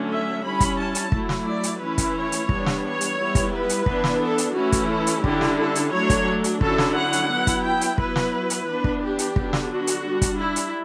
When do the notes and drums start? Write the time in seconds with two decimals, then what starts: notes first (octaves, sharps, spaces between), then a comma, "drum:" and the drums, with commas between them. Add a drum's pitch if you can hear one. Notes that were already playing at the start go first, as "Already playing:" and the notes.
Already playing: D3 F#3 A3 C#4
0.09 E5
0.43 G3 C#4 E4 B5
0.60 drum: kick, hi-hat
0.78 A5
0.95 drum: hi-hat
1.12 F#3 A3 E4, drum: kick
1.29 drum: snare
1.46 D5
1.63 drum: hi-hat
1.80 E3 A3 C#4 E4 B4
1.98 drum: kick, hi-hat
2.15 C#5
2.32 drum: hi-hat
2.49 E3 G3 B3 D4, drum: kick
2.66 drum: snare
2.84 C#5
3.01 drum: hi-hat
3.18 G3 B3 E4
3.35 drum: kick, hi-hat
3.52 B4
3.69 drum: hi-hat
3.86 E3 B3 D4, drum: kick
4.04 drum: snare
4.21 A4
4.38 drum: hi-hat
4.55 E3 A3 C#4 E4 F#4
4.72 drum: kick, hi-hat
4.89 A4
5.07 drum: hi-hat
5.24 D3 G3 C#4 E4 G4, drum: kick
5.41 drum: snare
5.58 A4
5.75 drum: hi-hat
5.92 F#3 A3 D4 C#5
6.10 drum: kick, hi-hat
6.44 drum: hi-hat
6.61 D3 F#3 C#4 E4 A4, drum: kick
6.78 drum: snare
6.96 F#5
7.13 drum: hi-hat
7.30 F#3 B3 E4
7.47 drum: kick, hi-hat
7.64 G5
7.81 drum: hi-hat
7.98 F#3 B3 E4 B4, drum: kick
8.16 drum: snare
8.50 drum: hi-hat
8.67 E3 B3 D4
8.84 drum: kick
9.01 G4
9.19 drum: hi-hat
9.36 D3 F#3 B3 D4, drum: kick
9.53 drum: snare
9.71 F#4
9.87 drum: hi-hat
10.04 G3 D4
10.22 drum: kick, hi-hat
10.39 E4
10.56 drum: hi-hat